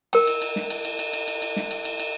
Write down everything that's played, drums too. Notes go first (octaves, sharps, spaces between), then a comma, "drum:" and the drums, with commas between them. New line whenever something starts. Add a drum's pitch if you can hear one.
A#4 G5, drum: cymbal
drum: cymbal
drum: cymbal
drum: snare
drum: cymbal
drum: cymbal
drum: cymbal
drum: cymbal
drum: cymbal
drum: cymbal
drum: snare
drum: cymbal
drum: cymbal
drum: cymbal